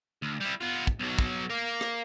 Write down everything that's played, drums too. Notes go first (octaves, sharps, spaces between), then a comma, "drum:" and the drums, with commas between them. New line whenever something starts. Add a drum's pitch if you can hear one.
D2
G3 E4
B3 F4
drum: kick
B1 F#3
drum: kick
A#4 F5
drum: rim click